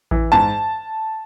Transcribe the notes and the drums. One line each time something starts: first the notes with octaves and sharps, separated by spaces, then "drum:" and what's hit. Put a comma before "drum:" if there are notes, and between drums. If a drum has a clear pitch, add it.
E3, drum: kick A1
G#2 A5